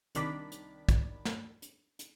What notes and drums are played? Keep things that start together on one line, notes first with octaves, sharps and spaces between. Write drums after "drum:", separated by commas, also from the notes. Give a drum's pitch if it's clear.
C2 D#3 D4 B5 D6 B6, drum: hi-hat
drum: hi-hat
drum: kick, hi-hat
drum: snare
drum: hi-hat
drum: hi-hat